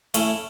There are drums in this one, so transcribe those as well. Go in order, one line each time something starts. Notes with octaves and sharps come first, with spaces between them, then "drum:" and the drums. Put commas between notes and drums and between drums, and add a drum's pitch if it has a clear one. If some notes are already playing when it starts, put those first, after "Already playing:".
A3 C#4 E4 G#5, drum: hi-hat